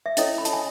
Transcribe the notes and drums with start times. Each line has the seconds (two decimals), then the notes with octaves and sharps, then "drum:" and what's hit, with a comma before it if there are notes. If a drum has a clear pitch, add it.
0.06 E5
0.17 C#4 E4 A4 C#5 D#5, drum: hi-hat
0.38 B5
0.45 A5, drum: hi-hat
0.53 G#5